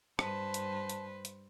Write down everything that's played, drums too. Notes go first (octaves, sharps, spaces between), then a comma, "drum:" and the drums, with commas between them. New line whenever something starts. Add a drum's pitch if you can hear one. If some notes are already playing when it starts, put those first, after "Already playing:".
G2 B4 C5 A5, drum: rim click
drum: hi-hat
drum: hi-hat
drum: hi-hat